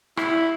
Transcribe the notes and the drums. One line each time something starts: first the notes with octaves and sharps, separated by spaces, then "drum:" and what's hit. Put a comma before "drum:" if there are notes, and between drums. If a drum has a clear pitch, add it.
E4, drum: rim click